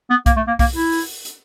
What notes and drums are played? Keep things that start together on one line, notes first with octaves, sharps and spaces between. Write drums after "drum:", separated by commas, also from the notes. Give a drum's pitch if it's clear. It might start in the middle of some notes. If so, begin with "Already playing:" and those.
B3
A#3, drum: kick B1, hi-hat
A3
A#3
A#3, drum: kick B1, open hi-hat
E4
drum: open hi-hat
drum: hi-hat